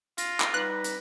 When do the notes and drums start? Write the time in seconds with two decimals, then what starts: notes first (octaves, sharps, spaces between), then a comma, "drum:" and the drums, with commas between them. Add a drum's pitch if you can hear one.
0.18 F4 A#6, drum: hi-hat
0.40 drum: clap
0.54 G3 D#4 B4 F#6
0.84 drum: hi-hat